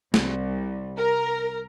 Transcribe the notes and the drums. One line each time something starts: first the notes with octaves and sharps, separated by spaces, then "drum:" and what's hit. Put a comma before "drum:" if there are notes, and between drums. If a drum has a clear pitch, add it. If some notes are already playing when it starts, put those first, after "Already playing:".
C2, drum: snare
A#4